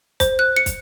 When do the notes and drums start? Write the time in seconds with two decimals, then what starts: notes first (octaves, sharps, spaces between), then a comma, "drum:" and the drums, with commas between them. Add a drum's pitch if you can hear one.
0.20 C5, drum: kick, hi-hat
0.39 F#6
0.57 C#7
0.66 drum: kick, hi-hat